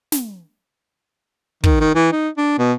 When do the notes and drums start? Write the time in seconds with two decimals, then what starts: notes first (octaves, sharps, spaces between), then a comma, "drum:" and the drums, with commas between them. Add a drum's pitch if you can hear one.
0.12 drum: snare
1.64 D#3, drum: kick
1.81 D#3
1.95 E3
2.12 D#4
2.37 D4
2.58 B2